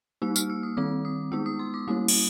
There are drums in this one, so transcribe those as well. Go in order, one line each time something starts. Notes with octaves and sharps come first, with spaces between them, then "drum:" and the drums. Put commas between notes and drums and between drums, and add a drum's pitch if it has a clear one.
G3 A#3 D#4 E6
F6, drum: tambourine
E6
D#6
D#3 G3 C4 D6
D#6
G#3 B3 D#4 E6
D#6
C6
D6
G3 A#3 C#4 E4 D#6
drum: cymbal